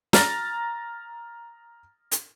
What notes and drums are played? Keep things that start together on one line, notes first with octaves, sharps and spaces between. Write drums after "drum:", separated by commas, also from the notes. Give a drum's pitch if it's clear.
A#5 F6 A6 A#6, drum: snare
drum: hi-hat